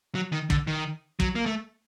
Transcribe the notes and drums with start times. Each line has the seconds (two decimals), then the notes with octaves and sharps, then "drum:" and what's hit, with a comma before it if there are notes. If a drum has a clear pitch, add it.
0.15 F#3
0.32 D#3
0.50 D3, drum: kick
0.67 D#3
1.20 F#3, drum: kick
1.35 A#3
1.46 A3